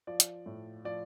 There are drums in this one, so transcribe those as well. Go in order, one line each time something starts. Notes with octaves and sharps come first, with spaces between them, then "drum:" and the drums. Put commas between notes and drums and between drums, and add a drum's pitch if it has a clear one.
F3 D5
drum: hi-hat
A2
F3 D5